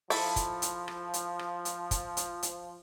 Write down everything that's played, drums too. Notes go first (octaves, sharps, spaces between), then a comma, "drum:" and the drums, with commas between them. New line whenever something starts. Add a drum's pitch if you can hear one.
F3 E4 A4, drum: open hi-hat
drum: kick, hi-hat
drum: hi-hat
drum: rim click
drum: hi-hat
drum: rim click
drum: hi-hat
drum: kick, hi-hat
drum: hi-hat
drum: hi-hat